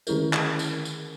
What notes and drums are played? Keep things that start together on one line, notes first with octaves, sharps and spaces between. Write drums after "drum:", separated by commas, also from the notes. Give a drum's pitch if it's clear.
D3 D#3 C#4 E4 G#4 A#4, drum: tambourine
drum: clap
drum: tambourine
drum: tambourine